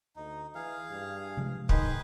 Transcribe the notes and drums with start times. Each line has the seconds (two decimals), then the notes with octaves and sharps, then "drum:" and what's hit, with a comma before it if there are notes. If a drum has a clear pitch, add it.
0.16 D2 D#4
0.55 E3 G#4 F5
0.91 G2
1.37 C3 F3 G#3
1.69 D#3 G#4 B4 C5, drum: kick